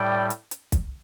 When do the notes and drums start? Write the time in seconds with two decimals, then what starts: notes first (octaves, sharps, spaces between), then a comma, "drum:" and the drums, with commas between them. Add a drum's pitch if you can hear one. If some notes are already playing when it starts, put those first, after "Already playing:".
Already playing: A2 G3 D5 G5
0.30 drum: hi-hat
0.51 drum: hi-hat
0.72 drum: kick, hi-hat